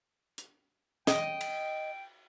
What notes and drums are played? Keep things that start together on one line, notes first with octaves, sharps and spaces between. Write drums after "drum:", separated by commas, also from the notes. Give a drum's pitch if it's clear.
drum: hi-hat
D#5 G5, drum: snare
drum: cymbal